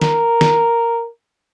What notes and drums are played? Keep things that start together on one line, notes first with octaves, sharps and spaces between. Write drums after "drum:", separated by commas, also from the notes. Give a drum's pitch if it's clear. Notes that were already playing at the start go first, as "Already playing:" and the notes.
A#4, drum: snare
drum: snare